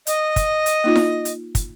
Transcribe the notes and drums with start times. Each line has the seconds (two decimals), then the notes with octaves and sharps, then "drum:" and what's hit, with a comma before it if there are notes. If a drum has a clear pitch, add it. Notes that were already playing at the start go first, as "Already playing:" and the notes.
0.07 D#5, drum: hi-hat
0.36 drum: kick, hi-hat
0.66 drum: hi-hat
0.84 A#3 D#4 F4
0.95 drum: snare E4
1.25 drum: hi-hat
1.55 drum: kick, hi-hat